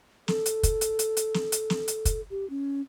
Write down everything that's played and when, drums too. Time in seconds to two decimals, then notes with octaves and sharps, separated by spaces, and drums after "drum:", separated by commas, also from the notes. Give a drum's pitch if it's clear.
0.28 A4, drum: snare
0.46 drum: hi-hat
0.63 drum: kick, hi-hat
0.81 drum: hi-hat
0.99 drum: hi-hat
1.17 drum: hi-hat
1.34 drum: snare
1.52 drum: hi-hat
1.70 drum: snare
1.88 drum: hi-hat
2.05 drum: kick, hi-hat
2.31 G4
2.50 C#4